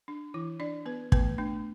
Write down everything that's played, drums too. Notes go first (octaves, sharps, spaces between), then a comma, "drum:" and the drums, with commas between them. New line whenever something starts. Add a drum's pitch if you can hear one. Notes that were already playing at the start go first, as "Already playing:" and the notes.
D4
E3 E4
D4 D5
B3 B4
A3 B3 B4, drum: kick
A3 D4